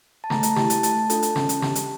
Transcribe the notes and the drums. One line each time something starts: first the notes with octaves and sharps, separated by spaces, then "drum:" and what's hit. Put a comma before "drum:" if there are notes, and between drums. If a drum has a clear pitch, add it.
A5
A3 A#5, drum: snare
A5, drum: hi-hat
E4 G4 A5, drum: snare
A5, drum: hi-hat
A3 A5, drum: hi-hat
D4 F4 A4, drum: hi-hat
drum: hi-hat
C#4, drum: snare
drum: hi-hat
G4, drum: snare
drum: hi-hat